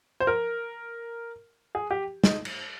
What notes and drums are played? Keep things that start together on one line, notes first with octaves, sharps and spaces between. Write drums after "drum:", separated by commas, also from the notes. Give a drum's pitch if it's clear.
C5
A#4
G#4
G4
D#4, drum: snare
drum: cymbal